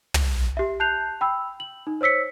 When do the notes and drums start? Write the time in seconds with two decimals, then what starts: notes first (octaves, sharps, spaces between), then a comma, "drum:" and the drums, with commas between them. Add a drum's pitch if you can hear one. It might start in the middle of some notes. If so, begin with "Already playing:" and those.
0.14 drum: tom
0.57 G4 E5
0.80 A5 F#6 G6 C7 F7
1.21 G5 B5 E6
1.60 F#7
1.87 D#4
2.01 C5 C#5 E6 B6 C#7